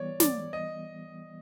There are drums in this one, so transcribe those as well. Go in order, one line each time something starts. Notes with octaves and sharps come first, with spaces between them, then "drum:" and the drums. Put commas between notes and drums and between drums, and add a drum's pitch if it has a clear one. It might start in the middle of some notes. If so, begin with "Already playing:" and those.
Already playing: E3 G3 B3 C#5 D5
D5, drum: snare
D#5